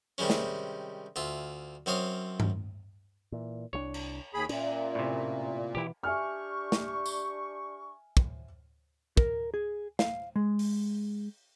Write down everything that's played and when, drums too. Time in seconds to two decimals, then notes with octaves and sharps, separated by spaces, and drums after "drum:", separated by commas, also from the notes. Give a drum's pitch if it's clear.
0.18 C3 D#3 G3 G#3 C#4
0.30 drum: snare
1.16 D2 F4 E5
1.86 F#2 C4 C#5 F5 D#6
2.40 drum: tom G2
3.32 A#2 E3
3.73 C2 F#3 D4 C#5
3.94 drum: cymbal
4.34 D#2 G#4 B5
4.49 A#2 C#4 D5 E5, drum: cymbal
4.95 A2 C3
5.75 B2 E3 E4 G4
6.03 D4 G4 E5 G#5 C#6 F6
6.72 drum: snare
7.06 drum: tambourine
8.17 drum: kick
9.17 A#4, drum: kick
9.54 G#4
9.99 F5, drum: snare
10.36 G#3
10.59 drum: open hi-hat